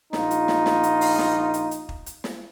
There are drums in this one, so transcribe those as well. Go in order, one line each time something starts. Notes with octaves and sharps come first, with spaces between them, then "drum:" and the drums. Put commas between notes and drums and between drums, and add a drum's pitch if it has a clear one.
A#1 D#4 F4, drum: snare
drum: hi-hat
drum: snare
drum: snare
drum: hi-hat
drum: open hi-hat
drum: snare
drum: hi-hat
drum: hi-hat
drum: kick
drum: hi-hat
drum: snare